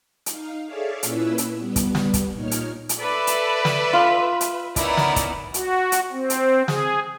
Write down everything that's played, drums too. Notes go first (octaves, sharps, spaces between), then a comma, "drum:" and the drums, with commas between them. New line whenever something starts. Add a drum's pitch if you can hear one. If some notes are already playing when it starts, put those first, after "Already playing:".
D#4 F5, drum: hi-hat
G#4 A4 C#5 D5 E5 F5
A#2 C#4 E4 B4 E6, drum: hi-hat
drum: hi-hat
G3 B3
drum: kick, hi-hat
drum: snare
drum: kick, hi-hat
A#2 D#4 C#5 F6
drum: hi-hat
drum: hi-hat
A4 B4 D5 E5
drum: hi-hat
drum: snare
F4
drum: hi-hat
B3 C#4 D#4 E4 A#4 D5, drum: kick, hi-hat
drum: snare
drum: kick, hi-hat
F#4, drum: hi-hat
drum: hi-hat
C4
drum: hi-hat
G#4, drum: snare